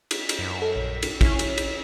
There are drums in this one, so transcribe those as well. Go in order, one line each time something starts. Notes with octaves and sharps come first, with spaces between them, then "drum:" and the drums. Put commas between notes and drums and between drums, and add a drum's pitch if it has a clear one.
drum: cymbal
drum: cymbal
F#2
A4
A#1
drum: cymbal
C#4 E4, drum: kick, cymbal
drum: cymbal
drum: cymbal